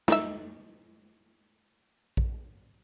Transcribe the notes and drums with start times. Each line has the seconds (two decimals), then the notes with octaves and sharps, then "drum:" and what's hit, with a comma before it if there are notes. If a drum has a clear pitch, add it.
0.08 D#4 E5, drum: snare
2.17 drum: kick A#1